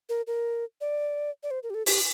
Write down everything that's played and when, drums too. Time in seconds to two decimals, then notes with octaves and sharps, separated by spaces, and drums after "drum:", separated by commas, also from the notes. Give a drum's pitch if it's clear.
0.09 A#4
0.27 A#4
0.81 D5
1.43 D5
1.51 C5
1.63 A#4
1.70 G4
1.74 A4
1.86 G4, drum: open hi-hat